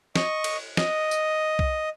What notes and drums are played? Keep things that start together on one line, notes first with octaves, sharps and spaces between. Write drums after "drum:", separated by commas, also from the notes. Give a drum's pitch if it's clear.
D#5 C#6, drum: snare
drum: cymbal
D#5, drum: snare
drum: tambourine
drum: kick B1